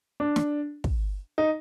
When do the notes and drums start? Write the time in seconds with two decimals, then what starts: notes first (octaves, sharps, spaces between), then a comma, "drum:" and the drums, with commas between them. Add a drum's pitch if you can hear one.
0.20 D4
0.36 drum: snare
0.84 drum: kick
1.38 D#4